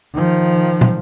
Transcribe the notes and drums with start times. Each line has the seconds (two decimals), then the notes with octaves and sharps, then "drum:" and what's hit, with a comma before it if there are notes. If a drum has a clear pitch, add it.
0.14 D#3 F3
0.81 drum: tom